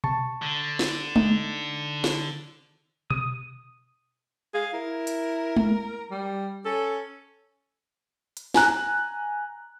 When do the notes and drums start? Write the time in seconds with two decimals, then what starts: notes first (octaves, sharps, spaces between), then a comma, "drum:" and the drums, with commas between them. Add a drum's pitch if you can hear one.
0.04 A5 C#6, drum: tom B2
0.42 D3
0.79 drum: snare
1.16 D#4, drum: tom G#3
2.04 drum: snare
3.10 D#6, drum: tom B2
4.54 G#4 F5
4.74 E4 A#4
5.07 drum: hi-hat
5.56 drum: tom G#3
6.11 G3
6.65 C#4 A4
8.37 drum: hi-hat
8.54 G#5 A#5 F#6, drum: snare